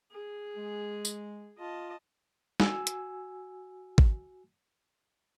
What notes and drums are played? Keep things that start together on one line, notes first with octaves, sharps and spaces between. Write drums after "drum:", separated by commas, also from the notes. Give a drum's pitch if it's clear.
G#4
G#3
drum: tambourine
F4 D#5 A5
F#4 G#5 E6, drum: snare
drum: hi-hat
drum: kick G#1